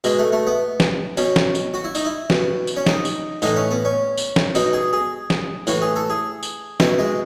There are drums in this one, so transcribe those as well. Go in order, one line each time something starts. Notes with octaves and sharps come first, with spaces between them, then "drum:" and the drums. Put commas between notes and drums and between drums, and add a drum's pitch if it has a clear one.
B2 G#3, drum: tambourine
A3
A3
B3
drum: snare
B2 C#4, drum: tambourine
drum: snare
drum: tambourine
F#4
E4
D#4, drum: tambourine
E4
B2, drum: snare
drum: tambourine
C#4
D#4, drum: snare
drum: tambourine
A2 E3 D#4, drum: tambourine
C#4
B3
C#4
drum: tambourine
drum: snare
B2 D#4, drum: tambourine
G#4
G#4
drum: snare
A2 E3 F#4, drum: tambourine
G#4
A4
G#4
drum: tambourine
B2 E4, drum: snare
G#3